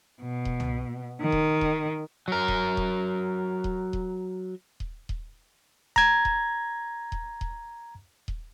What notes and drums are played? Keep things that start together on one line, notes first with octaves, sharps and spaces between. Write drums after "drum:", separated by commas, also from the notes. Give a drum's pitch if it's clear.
B2
drum: kick D#1
drum: tom C2
D#3
drum: kick D#1
drum: kick D#1
F#3 A#4
drum: kick D#1
drum: kick D#1
drum: kick D#1
drum: kick D#1
drum: kick D#1
drum: kick D#1
A#5 G#6, drum: kick D#1
drum: kick D#1
drum: kick D#1
drum: kick D#1
drum: kick D#1